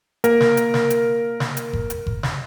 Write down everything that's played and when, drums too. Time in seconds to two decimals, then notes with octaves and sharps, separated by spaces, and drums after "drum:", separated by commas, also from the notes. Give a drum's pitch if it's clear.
0.24 A#3 A#4, drum: hi-hat
0.41 drum: snare
0.57 drum: hi-hat
0.74 drum: snare
0.90 drum: hi-hat
1.40 drum: snare
1.57 drum: hi-hat
1.73 drum: kick F#1
1.90 drum: hi-hat
2.07 drum: kick F#1
2.23 drum: snare